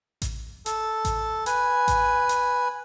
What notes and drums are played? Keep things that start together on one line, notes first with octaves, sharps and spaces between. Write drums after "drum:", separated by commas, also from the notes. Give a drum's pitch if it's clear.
drum: kick A1, hi-hat
A4, drum: hi-hat
drum: kick A1, hi-hat
B4 G#5, drum: hi-hat
drum: kick A1, hi-hat
drum: hi-hat